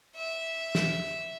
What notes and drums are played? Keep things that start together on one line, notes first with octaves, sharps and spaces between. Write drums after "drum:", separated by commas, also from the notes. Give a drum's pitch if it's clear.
E5
drum: snare